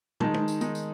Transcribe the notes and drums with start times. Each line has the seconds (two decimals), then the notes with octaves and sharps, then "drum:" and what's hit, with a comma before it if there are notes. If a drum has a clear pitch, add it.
0.20 D#3 G#3 D#4 A5, drum: tom
0.34 drum: tom
0.48 drum: tambourine
0.61 D#3 G#3 D#4, drum: tambourine
0.75 drum: tambourine